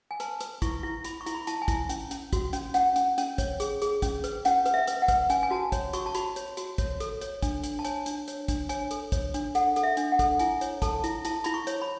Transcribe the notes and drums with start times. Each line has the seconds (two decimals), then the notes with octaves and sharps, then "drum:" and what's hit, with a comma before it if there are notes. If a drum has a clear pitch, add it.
0.11 G#5
0.20 B4 A5, drum: hi-hat
0.41 B4, drum: hi-hat
0.62 E4 C#6, drum: kick, hi-hat
0.83 E4
1.04 E4 B5, drum: hi-hat
1.21 C#6
1.26 E4, drum: hi-hat
1.35 B5
1.47 E4 A5, drum: hi-hat
1.62 G#5
1.68 E4, drum: kick, hi-hat
1.89 C#4, drum: hi-hat
2.11 C#4, drum: hi-hat
2.33 F#4, drum: kick, hi-hat
2.53 C#4, drum: hi-hat
2.74 C#4 F#5, drum: hi-hat
2.96 C#4, drum: hi-hat
3.18 C#4, drum: hi-hat
3.38 C#5, drum: kick, hi-hat
3.60 G#4, drum: hi-hat
3.82 G#4, drum: hi-hat
4.02 C#4, drum: kick, hi-hat
4.24 B4, drum: hi-hat
4.45 C#4 F#5, drum: hi-hat
4.66 B4, drum: hi-hat
4.74 E5
4.87 B4, drum: hi-hat
5.02 F#5
5.08 B4, drum: kick, hi-hat
5.30 C#4 G#5, drum: hi-hat
5.43 G#5
5.51 F#4 A5
5.72 C#5, drum: kick, hi-hat
5.93 F#4 C#6, drum: hi-hat
6.06 A5
6.15 F#4 B5, drum: hi-hat
6.36 C#5, drum: hi-hat
6.57 F#4, drum: hi-hat
6.78 C#5, drum: kick, hi-hat
7.00 A4, drum: hi-hat
7.21 C#5, drum: hi-hat
7.43 D4, drum: kick, hi-hat
7.64 D4, drum: hi-hat
7.79 A5
7.85 C#5 G#5, drum: hi-hat
8.06 D4, drum: hi-hat
8.28 C#5, drum: hi-hat
8.48 D4, drum: kick, hi-hat
8.69 C#5 G#5, drum: hi-hat
8.91 A4, drum: hi-hat
9.12 C#5, drum: kick, hi-hat
9.34 D4, drum: hi-hat
9.55 A4 F#5, drum: hi-hat
9.76 A4, drum: hi-hat
9.83 E5
9.97 D4, drum: hi-hat
10.12 F#5
10.19 A4, drum: kick, hi-hat
10.39 E4 G#5, drum: hi-hat
10.61 C#5, drum: hi-hat
10.82 A4 A5, drum: kick, hi-hat
11.04 E4, drum: hi-hat
11.25 E4 A5, drum: hi-hat
11.44 E4 B5, drum: hi-hat
11.54 C#6
11.67 C#5, drum: hi-hat
11.82 B5